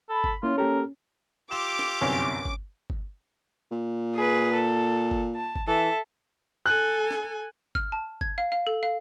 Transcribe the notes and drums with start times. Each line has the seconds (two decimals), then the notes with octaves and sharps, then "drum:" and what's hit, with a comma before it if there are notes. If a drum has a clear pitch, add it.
0.10 A4 B5
0.24 drum: kick G1
0.43 A#3 C#4 E4 F4
0.58 A#3 G4 A4 A#4
1.51 F4 G4 D6 E6 E7
1.79 drum: snare
2.01 G1 C2 F#2 C#4
2.45 drum: kick G1
2.90 drum: kick G1
3.71 A#2
4.15 G#4 B4
4.54 A4
5.11 drum: kick G1
5.36 A5
5.56 drum: kick G1
5.67 E3 A4 E5
6.66 A4 G#5 F#6
7.11 drum: snare
7.75 F6, drum: kick G1
7.92 A5
8.21 G#6, drum: kick G1
8.38 F5
8.52 F5
8.67 A4
8.83 F5